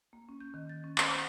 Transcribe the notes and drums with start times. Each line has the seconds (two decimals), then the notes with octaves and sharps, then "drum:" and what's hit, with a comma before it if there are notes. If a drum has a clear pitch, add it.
0.13 A#3
0.29 C#4
0.40 G6
0.54 D#3
0.69 A6
0.84 C#4
0.98 C5, drum: clap
1.12 F#5